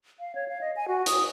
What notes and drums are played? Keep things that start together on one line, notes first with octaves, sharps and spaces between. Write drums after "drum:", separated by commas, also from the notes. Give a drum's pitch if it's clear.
F5
C#5
F5
D#5
G#5
F#4
D#6, drum: hi-hat